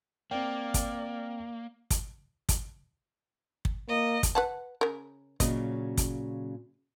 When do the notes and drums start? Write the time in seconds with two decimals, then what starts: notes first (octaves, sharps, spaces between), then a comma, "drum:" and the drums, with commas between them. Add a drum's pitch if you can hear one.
0.31 A#3 C4 D5 G5
0.74 drum: kick, hi-hat
1.90 drum: kick, hi-hat
2.49 drum: kick, hi-hat
3.65 drum: kick
3.88 A#3 D#5
4.23 drum: kick, hi-hat
4.35 B4 F#5 A5
4.81 C#3 A#4
5.40 A#2 C#3 F#3 D#5, drum: kick, hi-hat
5.97 drum: kick, hi-hat